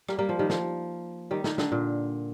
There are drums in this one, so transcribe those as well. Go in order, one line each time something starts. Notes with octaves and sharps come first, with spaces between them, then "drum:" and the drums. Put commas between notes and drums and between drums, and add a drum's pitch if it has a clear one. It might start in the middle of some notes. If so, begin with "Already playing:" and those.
G3 A#3, drum: rim click
G3 A#3
F3
D#3 G3
F3, drum: snare
D#3 G3
D#3, drum: snare
D3, drum: snare
A#2